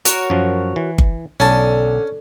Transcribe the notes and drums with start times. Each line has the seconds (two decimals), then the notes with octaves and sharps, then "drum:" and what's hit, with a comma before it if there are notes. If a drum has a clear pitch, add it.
0.05 F#4 A#4 C#5, drum: hi-hat
0.30 F#2 F3
0.76 E3
0.98 drum: kick G1
1.40 B1 D3 C#4 A5